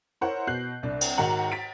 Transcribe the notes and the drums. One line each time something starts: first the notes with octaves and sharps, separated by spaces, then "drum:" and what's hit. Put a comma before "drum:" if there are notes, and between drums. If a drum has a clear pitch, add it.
E4 A#4 C5 C#5 F#5
B2 F#6 G6 C7 F#7
C2 D4
drum: cymbal
G#2 D#3 F#4 F#5 A#5 F#7
A6 B6 D7